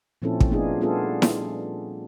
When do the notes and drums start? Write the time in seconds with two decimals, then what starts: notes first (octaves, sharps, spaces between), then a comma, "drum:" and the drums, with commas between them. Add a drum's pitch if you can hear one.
0.22 A#2 F3 C4 C#4 E4 A4
0.40 drum: kick
0.51 A3 B3 D4 D#4 F4 G#4
0.81 G3 B3 D4 F4 G#4 A4
1.22 drum: snare E4